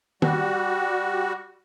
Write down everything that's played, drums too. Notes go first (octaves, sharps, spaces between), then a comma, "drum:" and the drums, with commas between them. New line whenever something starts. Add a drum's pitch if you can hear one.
G3 F#4, drum: tom